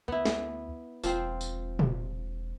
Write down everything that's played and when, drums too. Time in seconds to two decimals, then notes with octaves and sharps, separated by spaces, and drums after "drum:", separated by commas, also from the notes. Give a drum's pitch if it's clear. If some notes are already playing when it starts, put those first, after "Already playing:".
0.08 D2 B3 E4
0.25 drum: snare
1.04 E1 F3 C4, drum: tambourine
1.41 drum: tambourine
1.79 drum: tom A#2